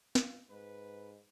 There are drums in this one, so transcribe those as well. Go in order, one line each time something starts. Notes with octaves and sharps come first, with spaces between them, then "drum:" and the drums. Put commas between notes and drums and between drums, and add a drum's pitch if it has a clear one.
F4, drum: snare
G#2 B4